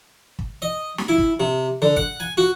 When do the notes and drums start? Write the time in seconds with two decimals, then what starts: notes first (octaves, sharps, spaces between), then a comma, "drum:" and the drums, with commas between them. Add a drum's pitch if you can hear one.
0.39 drum: kick
0.62 D#5
0.98 drum: snare
1.08 E4
1.18 drum: kick
1.40 C3
1.82 D3
1.96 F#5, drum: kick
2.20 G#5
2.37 F#4